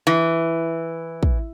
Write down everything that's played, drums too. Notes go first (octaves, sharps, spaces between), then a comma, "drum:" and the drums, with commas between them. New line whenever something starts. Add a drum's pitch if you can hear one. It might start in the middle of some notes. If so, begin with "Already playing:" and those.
E3
drum: kick